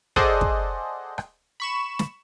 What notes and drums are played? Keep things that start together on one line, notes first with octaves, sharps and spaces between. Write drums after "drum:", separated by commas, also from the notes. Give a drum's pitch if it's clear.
G#4 A4 C5 D5 D#5 F#5, drum: kick
drum: kick
drum: rim click
B5 C#6 E7
drum: snare